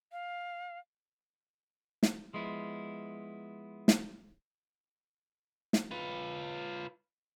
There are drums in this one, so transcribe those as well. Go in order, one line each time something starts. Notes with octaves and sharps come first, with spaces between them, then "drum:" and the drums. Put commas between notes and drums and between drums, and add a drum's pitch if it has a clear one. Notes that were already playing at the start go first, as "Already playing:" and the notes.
F5
drum: snare
F3 G#3 B3 E4
drum: snare
drum: snare
F4 B4